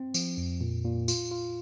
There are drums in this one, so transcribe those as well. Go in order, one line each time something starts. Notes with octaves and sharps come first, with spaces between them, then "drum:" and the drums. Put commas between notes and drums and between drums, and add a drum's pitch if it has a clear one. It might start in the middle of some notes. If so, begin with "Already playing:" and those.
Already playing: C4
F3, drum: tambourine
F2
A#2
A#2
F4, drum: tambourine
F4